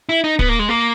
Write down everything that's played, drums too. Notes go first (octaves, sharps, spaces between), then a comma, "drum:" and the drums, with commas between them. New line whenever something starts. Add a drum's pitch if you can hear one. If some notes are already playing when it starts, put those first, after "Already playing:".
E4
D#4
B3, drum: kick
A#3
G#3
A#3